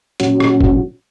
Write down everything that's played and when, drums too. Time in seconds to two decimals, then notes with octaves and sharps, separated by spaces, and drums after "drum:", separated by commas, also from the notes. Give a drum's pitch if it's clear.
0.20 A#2 F#3 C#4 F#4, drum: hi-hat
0.40 drum: rim click
0.61 drum: kick G1